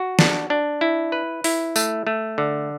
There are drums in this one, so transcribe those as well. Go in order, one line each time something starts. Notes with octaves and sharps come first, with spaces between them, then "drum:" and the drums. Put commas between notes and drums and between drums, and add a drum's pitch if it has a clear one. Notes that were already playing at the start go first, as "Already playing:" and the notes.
Already playing: F#4
D4, drum: snare
D4
E4
B4
E4, drum: open hi-hat
A3, drum: tambourine
A3
D3